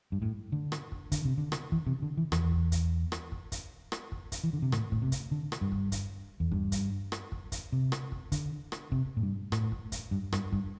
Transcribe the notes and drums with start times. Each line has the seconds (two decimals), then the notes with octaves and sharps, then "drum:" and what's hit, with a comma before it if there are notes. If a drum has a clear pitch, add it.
0.12 G2
0.22 A2
0.52 D3
0.72 drum: rim click
0.92 drum: kick
1.12 D3, drum: kick, hi-hat
1.25 C3
1.38 D3
1.52 drum: rim click
1.72 E3, drum: kick
1.87 C3
2.02 D3
2.17 E3
2.32 E2, drum: rim click
2.52 drum: kick
2.72 drum: kick, hi-hat
3.12 drum: rim click
3.32 drum: kick
3.52 drum: kick, hi-hat
3.92 drum: rim click
4.12 drum: kick
4.32 drum: kick, hi-hat
4.44 E3
4.53 D3
4.62 C3
4.72 A2, drum: rim click
4.92 A2, drum: kick
5.02 C3
5.12 drum: kick, hi-hat
5.31 D3
5.52 drum: rim click
5.61 G2
5.72 drum: kick
5.92 drum: kick, hi-hat
6.40 E2
6.52 G2, drum: kick
6.72 drum: kick, hi-hat
7.12 drum: rim click
7.32 drum: kick
7.52 drum: kick, hi-hat
7.72 C3
7.92 drum: rim click
8.12 drum: kick
8.32 D3, drum: kick, hi-hat
8.72 drum: rim click
8.92 C3, drum: kick
9.17 A2
9.22 G2
9.52 A2, drum: rim click
9.72 drum: kick
9.92 drum: kick, hi-hat
10.11 G2
10.32 G2, drum: rim click
10.52 G2, drum: kick